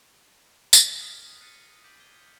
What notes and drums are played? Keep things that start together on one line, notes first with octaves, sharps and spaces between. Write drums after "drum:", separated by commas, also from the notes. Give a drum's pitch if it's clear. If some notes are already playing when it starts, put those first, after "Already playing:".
drum: tambourine
D#6 F6 F#6 G#6 A#6 B6
F6 F#6 A6 C7 C#7 D#7
D6 G6 B6 D7 D#7 F#7
G#6 D#7 G7